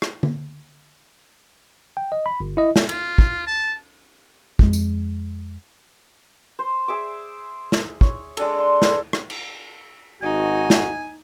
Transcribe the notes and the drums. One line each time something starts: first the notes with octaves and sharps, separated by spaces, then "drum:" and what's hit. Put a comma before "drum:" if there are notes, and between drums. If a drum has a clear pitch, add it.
drum: rim click
drum: tom
G5
D#5
B5
G1
E4 D#5
drum: snare
F4, drum: cymbal
drum: kick
A5
F2 G#3, drum: kick
drum: tambourine
C5
G#4 E5 D6
drum: snare
C#5, drum: kick
G#3 D4 A4, drum: cymbal
C6
G#4 A4 B4 G#5, drum: snare
drum: rim click
drum: cymbal
G#1 D#4 F#4 G#5
drum: snare